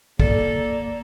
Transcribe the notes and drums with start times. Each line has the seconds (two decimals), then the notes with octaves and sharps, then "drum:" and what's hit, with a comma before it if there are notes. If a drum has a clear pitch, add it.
0.20 A#3 A4 D5, drum: kick